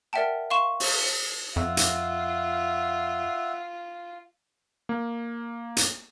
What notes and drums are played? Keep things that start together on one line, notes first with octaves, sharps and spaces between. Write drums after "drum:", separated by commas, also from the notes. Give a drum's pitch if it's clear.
A#4 D5 E5 F#5 G5 A5
F5 C6 C#6 E7
drum: open hi-hat
F2 F4 E5 F#5
drum: hi-hat
A#3
drum: hi-hat